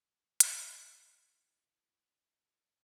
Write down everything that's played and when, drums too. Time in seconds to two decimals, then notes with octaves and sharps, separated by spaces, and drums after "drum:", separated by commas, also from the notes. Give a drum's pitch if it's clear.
0.40 E4 C#5, drum: hi-hat